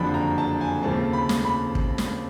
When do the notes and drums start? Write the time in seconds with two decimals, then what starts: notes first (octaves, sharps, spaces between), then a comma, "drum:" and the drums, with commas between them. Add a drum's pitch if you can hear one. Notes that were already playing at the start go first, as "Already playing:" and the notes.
Already playing: F#1 F2 D3 F3 B5
0.14 A#5
0.38 A5
0.61 G#5
0.83 D#2 C#3 F3 A3 C4 A5
1.13 B5
1.29 drum: snare
1.45 B5
1.75 drum: kick
1.98 drum: snare